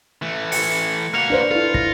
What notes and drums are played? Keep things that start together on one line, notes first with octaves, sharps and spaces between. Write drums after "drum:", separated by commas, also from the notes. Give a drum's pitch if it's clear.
E3 A3
C#7, drum: open hi-hat
A#3 F#4 F6 C#7 F7
D4 B4 C5
E4 F4 A4
A#6, drum: kick